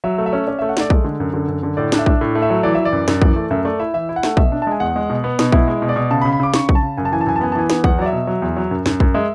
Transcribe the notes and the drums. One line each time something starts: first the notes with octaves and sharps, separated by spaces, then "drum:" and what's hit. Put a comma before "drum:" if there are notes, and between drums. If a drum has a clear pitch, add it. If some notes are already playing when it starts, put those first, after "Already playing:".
F#3 E5
A3
E5
C#4
C#4 D5
A3 E5
F#5
A3 D5, drum: snare
G#3, drum: kick A#1
D3
F#2
D3
F#2
D3
A2 D5
D4, drum: snare
E5
D4, drum: kick A#1
A2
A3
E5
F#3
E3 D5
E3 E5
D5
F#2
F#2, drum: snare
E3, drum: kick A#1
A3
F#2 E5
A3 D5
E4 E5
E3 E5
E4
F#5
A3, drum: snare
B2 E5, drum: kick A#1
D4
A5
G#3 G#5
E2 F#5
G#3
B2
B3
B2, drum: snare
E4, drum: kick A#1
G#3
B2
D5
B2
C#3 A5
B5
C#3
B5
C#3 D6
C#3 C#6, drum: snare
C#3, drum: kick A#1
A5
C#3
F#2 G#5
A5
E3 G#5
A5
F#2 G#5
A5
B3 G#5
A5
E3 G#5
B3, drum: snare
E2 F#5, drum: kick A#1
F#3 D5
E5
B2
F#3
E2
F#3
F#2
F#2, drum: snare
F#2, drum: kick A#1
G#3 E5